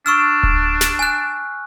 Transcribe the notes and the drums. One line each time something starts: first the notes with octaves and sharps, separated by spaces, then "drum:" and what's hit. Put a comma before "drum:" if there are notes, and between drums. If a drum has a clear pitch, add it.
D4 C#6 E6 F6
drum: kick D1
drum: snare
G#5 F#6